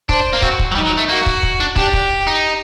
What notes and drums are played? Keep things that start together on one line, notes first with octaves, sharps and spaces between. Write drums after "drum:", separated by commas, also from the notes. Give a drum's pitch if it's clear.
D4 C5, drum: kick
A#3
C4 F#4, drum: kick
drum: kick
F#3
G3 D#4
F#3
A3
A#3 F#4
drum: kick
drum: kick
D4
D4 G4, drum: kick
drum: kick
D#4